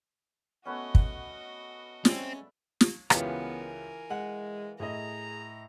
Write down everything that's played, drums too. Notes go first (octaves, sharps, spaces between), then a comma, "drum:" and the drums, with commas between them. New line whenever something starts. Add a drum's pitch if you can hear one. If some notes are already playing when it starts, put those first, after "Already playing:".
A3 B3 C#4 F#4 D#5
drum: kick
G#3 C4 C#4 D5 E5, drum: snare
drum: snare
C#2 E3 B3 F4 G4 A#4 G#5, drum: rim click
G#3 F#5
A2 G#4 D#5 A#5